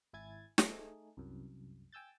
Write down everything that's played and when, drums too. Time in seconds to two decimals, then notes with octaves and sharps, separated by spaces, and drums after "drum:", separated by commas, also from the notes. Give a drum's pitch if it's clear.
0.13 G#1 E4 G#5 G#6 A6
0.58 A3 D#4 G#4, drum: snare
1.17 C2 F#2
1.92 G5 G#5 E6 G6 A6